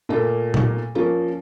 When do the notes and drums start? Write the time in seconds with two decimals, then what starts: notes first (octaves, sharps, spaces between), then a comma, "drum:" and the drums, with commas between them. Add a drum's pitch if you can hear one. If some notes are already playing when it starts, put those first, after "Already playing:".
0.09 A#2 A3 A#3
0.54 drum: tom A#2
0.95 F3 A#3 C#4